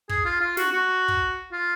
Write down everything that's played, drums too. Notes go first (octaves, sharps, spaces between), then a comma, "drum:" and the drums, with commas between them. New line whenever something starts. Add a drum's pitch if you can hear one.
G#4, drum: kick
F4
F4
F#4, drum: snare
F#4
drum: kick
F4